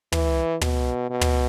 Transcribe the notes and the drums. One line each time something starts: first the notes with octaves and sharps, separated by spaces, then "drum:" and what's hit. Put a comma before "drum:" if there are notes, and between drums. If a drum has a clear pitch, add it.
E3, drum: tom
B2, drum: tom
B2
drum: tom